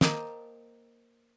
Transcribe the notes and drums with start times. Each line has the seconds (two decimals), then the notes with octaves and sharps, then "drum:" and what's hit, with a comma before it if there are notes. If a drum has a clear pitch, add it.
0.01 A#3 A#4 C5 D#5 G5 A5, drum: snare